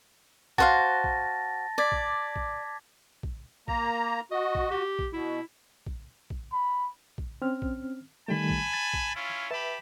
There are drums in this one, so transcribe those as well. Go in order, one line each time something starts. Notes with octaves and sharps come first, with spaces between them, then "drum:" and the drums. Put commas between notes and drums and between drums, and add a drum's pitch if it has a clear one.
F#4 C5 F5 A5 A6 A#6, drum: kick A#1
drum: kick A#1
D5 D6 G#6 B6
drum: kick A#1
drum: kick A#1
drum: kick A#1
A#3 A#5, drum: kick A#1
F#4 D#5
drum: kick A#1
G4
drum: kick A#1
B2 E4
drum: kick A#1
drum: kick A#1
B5
drum: kick A#1
C4 C#4 F6
drum: kick A#1
D#3 G3 A3 G#5 A5 B5
drum: kick A#1
A6
drum: kick A#1
C#4 E4 F4
G4 B4 E5 A5 B5